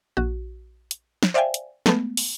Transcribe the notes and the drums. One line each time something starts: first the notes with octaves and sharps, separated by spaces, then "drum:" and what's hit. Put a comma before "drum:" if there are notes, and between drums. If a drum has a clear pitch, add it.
A#1 F#4
drum: hi-hat
drum: snare
C5 D5 E5 F5 G5 G#5
drum: hi-hat
G#3 A3 B3, drum: snare
drum: open hi-hat